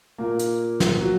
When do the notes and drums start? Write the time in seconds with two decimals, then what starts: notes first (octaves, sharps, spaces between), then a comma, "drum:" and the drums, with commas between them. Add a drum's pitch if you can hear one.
0.18 A#2 A#3
0.39 drum: hi-hat
0.80 drum: snare
1.01 F#3